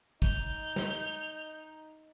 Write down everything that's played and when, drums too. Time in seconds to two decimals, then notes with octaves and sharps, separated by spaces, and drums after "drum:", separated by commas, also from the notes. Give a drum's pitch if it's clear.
0.22 D#4 G6 F7, drum: kick
0.76 drum: snare